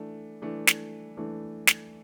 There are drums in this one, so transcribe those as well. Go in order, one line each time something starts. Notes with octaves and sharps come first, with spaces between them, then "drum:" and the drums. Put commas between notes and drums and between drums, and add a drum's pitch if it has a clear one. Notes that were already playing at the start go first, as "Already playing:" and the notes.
Already playing: E3 A3 D4
E3 A3 D4
drum: snare
E3 A3 D4
drum: snare